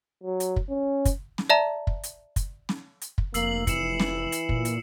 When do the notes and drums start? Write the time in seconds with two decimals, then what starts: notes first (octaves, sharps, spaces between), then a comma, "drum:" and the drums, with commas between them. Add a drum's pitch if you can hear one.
0.23 F#3
0.40 drum: hi-hat
0.56 drum: kick
0.69 C#4
1.05 drum: kick, hi-hat
1.38 drum: snare
1.50 D5 E5 A5 A#5
1.87 drum: kick
2.03 drum: hi-hat
2.36 drum: kick, hi-hat
2.69 drum: snare
3.01 drum: hi-hat
3.18 drum: kick
3.34 F1 A#3 E6 C7 F#7, drum: hi-hat
3.67 E3 C#7 E7, drum: kick, hi-hat
4.00 drum: snare
4.32 drum: hi-hat
4.49 A#2, drum: kick
4.65 drum: hi-hat